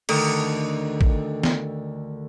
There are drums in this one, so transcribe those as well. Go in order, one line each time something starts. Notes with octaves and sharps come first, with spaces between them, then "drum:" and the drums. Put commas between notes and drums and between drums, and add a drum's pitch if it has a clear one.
D2 D3 D#3 D#6, drum: cymbal
drum: kick
drum: snare